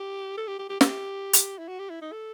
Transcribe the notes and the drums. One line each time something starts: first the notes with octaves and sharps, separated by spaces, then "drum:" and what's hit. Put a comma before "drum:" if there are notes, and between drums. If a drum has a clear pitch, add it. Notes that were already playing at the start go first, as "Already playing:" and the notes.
Already playing: G4
A4
G4
G4
G4
G4, drum: snare
drum: hi-hat
E4
F#4
G4
E4
D#4
A4